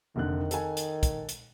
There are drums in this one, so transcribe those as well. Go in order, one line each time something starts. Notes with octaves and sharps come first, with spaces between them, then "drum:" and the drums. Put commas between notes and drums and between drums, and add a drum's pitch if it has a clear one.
F1 D3 D#3 F#6
A4 G#5, drum: hi-hat
drum: hi-hat
drum: kick, hi-hat
drum: hi-hat